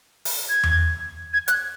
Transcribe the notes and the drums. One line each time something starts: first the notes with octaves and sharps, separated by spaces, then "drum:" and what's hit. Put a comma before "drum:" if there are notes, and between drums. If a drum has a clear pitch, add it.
drum: open hi-hat
G#6
drum: tom E2
G#6
F#6, drum: hi-hat